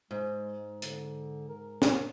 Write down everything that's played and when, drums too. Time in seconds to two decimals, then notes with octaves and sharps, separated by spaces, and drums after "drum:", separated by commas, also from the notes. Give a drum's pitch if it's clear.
0.11 G#2 G#3
0.82 D3, drum: hi-hat
1.48 A#4
1.82 drum: snare